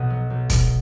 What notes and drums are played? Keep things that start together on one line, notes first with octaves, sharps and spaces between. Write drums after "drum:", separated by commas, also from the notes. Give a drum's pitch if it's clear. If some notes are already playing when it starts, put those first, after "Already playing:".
Already playing: B1 B2 D#5 F#5
F#3
B1
B2, drum: kick, hi-hat